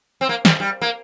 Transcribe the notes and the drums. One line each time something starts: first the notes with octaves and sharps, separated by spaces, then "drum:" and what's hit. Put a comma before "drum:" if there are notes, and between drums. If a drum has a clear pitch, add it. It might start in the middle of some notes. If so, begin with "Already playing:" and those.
C4
A#3
G3, drum: snare
G3
A#3